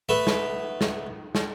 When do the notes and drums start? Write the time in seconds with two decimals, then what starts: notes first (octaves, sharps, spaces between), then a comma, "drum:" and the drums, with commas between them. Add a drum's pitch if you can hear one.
0.09 A3 B3 E5
0.27 drum: snare
0.81 drum: snare
1.35 drum: snare